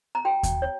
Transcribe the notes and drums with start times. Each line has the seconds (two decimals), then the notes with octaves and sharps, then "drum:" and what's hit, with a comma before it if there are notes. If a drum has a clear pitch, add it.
0.15 A#5
0.25 F#4 G5
0.43 drum: kick D#2, hi-hat
0.62 C#5